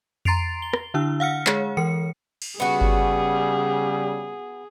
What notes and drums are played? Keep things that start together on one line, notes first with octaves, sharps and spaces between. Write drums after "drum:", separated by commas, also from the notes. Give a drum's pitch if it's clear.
A#5 C6 A6 C7 D7 F7, drum: tom F2
G7
drum: rim click
D3 D4 E4 E6
F5 F#5 F6 C#7
G#3 G#4 C#5, drum: clap
E3 A#4 C#7
drum: cymbal
C#3 G3 B3 F#4 G#4
drum: kick G1